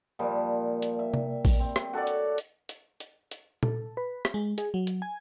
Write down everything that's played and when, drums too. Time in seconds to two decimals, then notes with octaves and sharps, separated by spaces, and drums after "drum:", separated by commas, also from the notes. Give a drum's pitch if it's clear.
0.19 A#2 F3 G3
0.82 drum: hi-hat
0.99 E5
1.14 drum: tom C3
1.45 drum: kick, open hi-hat
1.60 C4
1.76 drum: rim click
1.93 F#4 A4 C#5 D5
2.07 drum: hi-hat
2.38 drum: hi-hat
2.69 drum: hi-hat
3.00 drum: hi-hat
3.31 drum: hi-hat
3.63 A4, drum: tom A#2
3.97 B4
4.25 drum: rim click
4.34 G#3
4.58 G#4, drum: hi-hat
4.74 F#3
4.87 drum: hi-hat
5.02 G#5